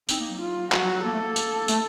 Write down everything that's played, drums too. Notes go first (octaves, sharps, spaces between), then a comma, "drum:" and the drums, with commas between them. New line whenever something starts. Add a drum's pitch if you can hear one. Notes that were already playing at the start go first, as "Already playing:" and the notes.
C4 D#4, drum: tambourine
A#3
F#3
F4
F#3 F#4, drum: clap
F#3
F#3
A#3 A4
A3
A#3
drum: tambourine
A3, drum: tambourine